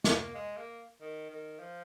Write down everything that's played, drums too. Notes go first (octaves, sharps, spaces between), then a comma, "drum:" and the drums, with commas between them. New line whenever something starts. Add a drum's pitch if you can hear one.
G#3, drum: snare
A#3
G#3
A#3
D#3
D#3
F3